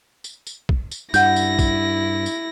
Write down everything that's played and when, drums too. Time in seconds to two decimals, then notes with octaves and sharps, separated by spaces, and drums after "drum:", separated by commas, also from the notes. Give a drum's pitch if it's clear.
0.24 drum: tambourine
0.47 drum: tambourine
0.69 drum: kick
0.91 drum: tambourine
1.14 G2 E4 F#5 G6 A#6, drum: tambourine
1.36 drum: tambourine
1.59 drum: kick, tambourine
2.26 drum: tambourine